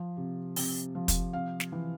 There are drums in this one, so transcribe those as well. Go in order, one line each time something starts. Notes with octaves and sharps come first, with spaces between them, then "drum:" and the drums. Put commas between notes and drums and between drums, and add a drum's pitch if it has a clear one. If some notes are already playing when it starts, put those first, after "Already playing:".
Already playing: F3
C3
C3, drum: open hi-hat
F3
drum: kick, hi-hat
C3 F5
drum: snare
E3